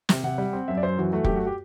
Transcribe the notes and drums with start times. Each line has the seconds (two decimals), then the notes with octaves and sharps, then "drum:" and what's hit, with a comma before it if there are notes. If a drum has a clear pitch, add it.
0.09 C3, drum: snare
0.23 C3 F#5
0.38 G3
0.53 C4
0.68 F#2 E5
0.77 D5
0.83 F#2 C5
0.98 E3 F#4
1.13 A3 F#4
1.24 F#2 G4, drum: kick
1.36 F#4
1.46 G4